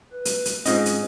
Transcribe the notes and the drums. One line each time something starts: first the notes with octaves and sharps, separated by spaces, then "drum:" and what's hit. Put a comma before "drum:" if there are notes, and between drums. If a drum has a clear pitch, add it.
B4
drum: hi-hat
drum: hi-hat
G#2 C4 C#4 D#4 F4 D#5, drum: hi-hat
drum: hi-hat